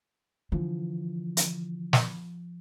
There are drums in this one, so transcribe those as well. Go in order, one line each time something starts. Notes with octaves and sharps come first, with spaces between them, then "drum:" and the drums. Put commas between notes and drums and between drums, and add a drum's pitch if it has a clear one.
D3 E3 F3
drum: hi-hat
drum: snare